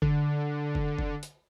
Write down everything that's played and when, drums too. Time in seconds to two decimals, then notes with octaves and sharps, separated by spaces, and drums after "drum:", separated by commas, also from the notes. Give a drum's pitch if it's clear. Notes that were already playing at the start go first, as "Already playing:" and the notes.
0.02 D3, drum: kick
0.75 drum: kick
0.99 drum: kick
1.23 drum: hi-hat